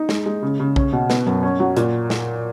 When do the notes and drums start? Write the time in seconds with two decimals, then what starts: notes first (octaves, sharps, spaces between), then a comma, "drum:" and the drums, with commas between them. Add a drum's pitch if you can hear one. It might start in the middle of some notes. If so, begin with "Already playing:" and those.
Already playing: D#4
0.09 G#3, drum: snare
0.26 G#3
0.42 C#3
0.60 C#3
0.76 C#4, drum: kick B1
0.92 B2
1.10 B3, drum: snare
1.26 F#2
1.43 C#4
1.60 F#3
1.77 A#2, drum: hi-hat
2.10 drum: snare